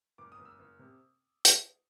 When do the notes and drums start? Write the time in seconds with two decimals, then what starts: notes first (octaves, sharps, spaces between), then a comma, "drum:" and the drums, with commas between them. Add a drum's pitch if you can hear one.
0.18 F#1 D6
0.32 D#6
0.39 F#1
0.45 E6
0.59 F#1
0.79 C3
1.45 drum: hi-hat